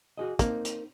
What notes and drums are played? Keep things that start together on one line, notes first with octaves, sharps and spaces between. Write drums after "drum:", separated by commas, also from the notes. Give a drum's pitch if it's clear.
F#4 G#4 D#5
A#3 C4 D#4, drum: kick, hi-hat
drum: hi-hat